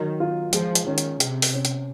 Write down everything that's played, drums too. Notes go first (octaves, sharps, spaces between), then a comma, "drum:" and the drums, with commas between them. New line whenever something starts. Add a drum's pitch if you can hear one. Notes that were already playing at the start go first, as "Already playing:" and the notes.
Already playing: D#3 F#3 F#4
F4
F3 G#3, drum: hi-hat
drum: hi-hat
D#3 C#4
drum: hi-hat
C3 G#4, drum: hi-hat
drum: open hi-hat
C#4
drum: hi-hat